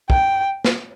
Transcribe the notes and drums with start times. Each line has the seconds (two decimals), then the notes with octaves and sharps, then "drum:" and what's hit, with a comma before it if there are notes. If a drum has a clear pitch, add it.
0.10 G5, drum: kick
0.65 drum: snare